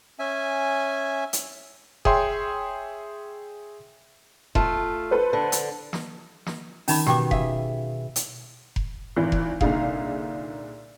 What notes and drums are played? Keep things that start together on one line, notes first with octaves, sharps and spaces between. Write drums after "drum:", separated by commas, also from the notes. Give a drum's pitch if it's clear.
C#4 E5 G#5
drum: hi-hat
G#4 C#5 E5 G5 C6, drum: kick F1
A3 F4, drum: kick F1
A4 B4 C5
D3
drum: hi-hat
drum: snare
drum: snare
D#3 C#4 D#4 B5, drum: open hi-hat
B2 G4 G5 D6, drum: snare
G#4 E5 F5, drum: kick F1
drum: hi-hat
drum: kick F1
G#1 E3
drum: kick F1
C2 A#2 D3 D#4 G#4 F5, drum: kick F1